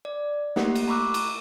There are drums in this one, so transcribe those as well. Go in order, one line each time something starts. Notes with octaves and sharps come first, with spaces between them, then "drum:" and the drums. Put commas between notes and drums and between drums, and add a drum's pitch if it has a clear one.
D5
A3 A#3 G4 F#5, drum: snare
drum: cymbal
A#5 B5 C#6 D6 E6 F#6
drum: cymbal